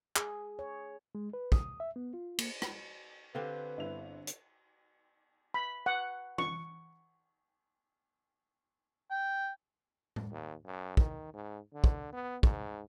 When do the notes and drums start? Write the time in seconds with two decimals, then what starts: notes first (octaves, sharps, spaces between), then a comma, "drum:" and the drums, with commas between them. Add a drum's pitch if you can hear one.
0.16 G#4, drum: clap
0.59 C#5
1.15 G#3
1.33 B4
1.52 D#6, drum: kick
1.80 E5
1.96 B3
2.14 F4
2.39 A#3, drum: cymbal
2.62 drum: rim click
3.35 D3 C4 G4 B4 F5
3.78 G1 E4 F7
4.27 drum: hi-hat
5.54 B5
5.86 F#5
6.38 C#6, drum: tom
9.11 G5
10.16 drum: tom A2
10.31 D#2
10.65 F#2
10.97 D#3, drum: kick
11.33 G#2
11.73 D3
11.84 drum: kick
12.13 B3
12.43 G#2, drum: kick